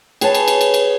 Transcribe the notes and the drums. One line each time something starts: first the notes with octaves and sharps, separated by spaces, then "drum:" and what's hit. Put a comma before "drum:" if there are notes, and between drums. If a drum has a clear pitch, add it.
G#4 B4 C#5 A5, drum: cymbal
drum: cymbal
drum: cymbal
drum: cymbal
drum: cymbal